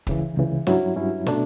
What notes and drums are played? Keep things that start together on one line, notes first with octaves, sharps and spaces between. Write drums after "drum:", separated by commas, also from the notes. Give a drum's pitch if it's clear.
C#2 C#3 E3, drum: kick, hi-hat
C#2 C#3 E3
G2 F#3 C#4 E4, drum: snare
G2 F#3 C#4 E4
B2 A3 D4, drum: snare